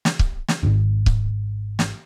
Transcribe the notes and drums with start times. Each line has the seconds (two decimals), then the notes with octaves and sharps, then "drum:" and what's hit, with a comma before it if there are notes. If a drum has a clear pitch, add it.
0.05 drum: snare
0.19 drum: kick C#1
0.48 drum: snare
0.63 D#1 G#1
1.06 drum: kick C#1
1.79 drum: snare